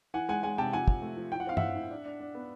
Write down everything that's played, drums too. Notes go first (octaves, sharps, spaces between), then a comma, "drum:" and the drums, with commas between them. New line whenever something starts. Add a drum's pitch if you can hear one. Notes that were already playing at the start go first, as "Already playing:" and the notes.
E3 F#5 G#5
G#3 F#5 G#5
G#3 F#5 G#5
C3 G5 A5
F3 F#5 G#5
F3, drum: kick
A3
F3
A2 G5
F#5
C4 F5
A2 E5 F#5, drum: tom G2
A2
D4
D4
D4
B3